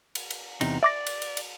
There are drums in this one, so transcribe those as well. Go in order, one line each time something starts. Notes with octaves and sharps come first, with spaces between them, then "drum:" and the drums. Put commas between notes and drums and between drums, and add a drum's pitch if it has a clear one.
drum: cymbal
drum: cymbal
E2 C3 D#4, drum: cymbal
D5 E5 D6 A#6
drum: cymbal
drum: cymbal
drum: cymbal